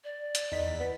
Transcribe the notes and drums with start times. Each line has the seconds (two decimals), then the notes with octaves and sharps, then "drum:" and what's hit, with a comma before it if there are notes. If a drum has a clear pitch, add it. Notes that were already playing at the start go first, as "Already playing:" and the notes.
0.04 D5
0.35 drum: hi-hat
0.52 E2 D#4 B6
0.80 B3